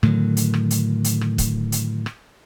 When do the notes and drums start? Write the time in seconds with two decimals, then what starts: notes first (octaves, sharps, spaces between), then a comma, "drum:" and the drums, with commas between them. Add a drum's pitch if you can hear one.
0.03 A2 D3 D#3 F#3, drum: rim click
0.37 drum: hi-hat
0.54 drum: rim click
0.71 drum: hi-hat
1.04 drum: hi-hat
1.21 drum: rim click
1.38 drum: kick, hi-hat
1.72 drum: hi-hat
2.06 drum: rim click